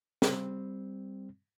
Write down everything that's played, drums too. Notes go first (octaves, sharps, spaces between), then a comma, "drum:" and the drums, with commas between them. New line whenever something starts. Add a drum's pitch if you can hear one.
G3 C4, drum: snare